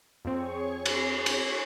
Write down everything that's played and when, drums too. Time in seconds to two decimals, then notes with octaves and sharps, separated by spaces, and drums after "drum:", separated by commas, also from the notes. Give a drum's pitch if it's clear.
0.25 F2 C4 G#4 C#5 C#6
0.86 drum: cymbal
1.26 drum: cymbal